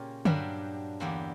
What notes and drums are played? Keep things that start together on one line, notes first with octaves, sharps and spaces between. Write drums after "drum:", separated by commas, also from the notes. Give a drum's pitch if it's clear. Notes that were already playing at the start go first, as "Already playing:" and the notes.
Already playing: A#2 C#3 A#3 C#4 G4 A#4
G2 F#3 A#3 D4 G4, drum: tom D3
E2 D3 A#3 E4 G4